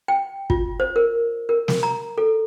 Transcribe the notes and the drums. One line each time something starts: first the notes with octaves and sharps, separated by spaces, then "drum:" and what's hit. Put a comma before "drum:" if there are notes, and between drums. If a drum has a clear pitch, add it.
G5
F4, drum: kick
C5
A#4
A#4
drum: snare
A#5
A4